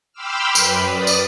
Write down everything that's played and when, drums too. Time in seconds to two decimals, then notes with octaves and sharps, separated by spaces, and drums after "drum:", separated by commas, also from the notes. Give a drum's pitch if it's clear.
0.13 G5 B5 C6 D6 E6 F6
0.55 F#2 B4, drum: tambourine
0.88 D5 D#6
1.07 drum: tambourine